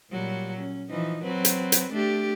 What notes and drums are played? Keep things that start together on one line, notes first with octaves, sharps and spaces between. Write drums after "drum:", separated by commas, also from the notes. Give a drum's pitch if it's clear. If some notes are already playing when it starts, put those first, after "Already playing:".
A#2 F#3 G3
C#4
E3 F3 D#4
F#3 C4 B4
drum: hi-hat
drum: hi-hat
A3 D4 G4